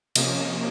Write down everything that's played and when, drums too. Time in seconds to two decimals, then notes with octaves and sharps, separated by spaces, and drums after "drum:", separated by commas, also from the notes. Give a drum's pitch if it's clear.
0.16 C3 F3 A#3 C#4 D#5, drum: cymbal